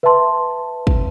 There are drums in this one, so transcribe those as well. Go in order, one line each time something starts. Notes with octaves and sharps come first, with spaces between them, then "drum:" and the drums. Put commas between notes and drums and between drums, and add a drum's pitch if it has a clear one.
B4 E5 A5 C6
drum: kick